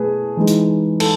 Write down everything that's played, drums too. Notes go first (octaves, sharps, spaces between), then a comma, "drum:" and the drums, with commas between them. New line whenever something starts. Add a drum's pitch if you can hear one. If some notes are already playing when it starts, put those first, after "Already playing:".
Already playing: B2 A3 G#4 B4
E3 G#3 D#4
drum: hi-hat
A4, drum: cymbal